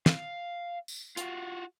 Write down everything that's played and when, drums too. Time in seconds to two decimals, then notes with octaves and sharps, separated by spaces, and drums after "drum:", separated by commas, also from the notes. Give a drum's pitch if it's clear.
0.06 F5, drum: snare
0.88 drum: tambourine
1.17 F4 F#4, drum: hi-hat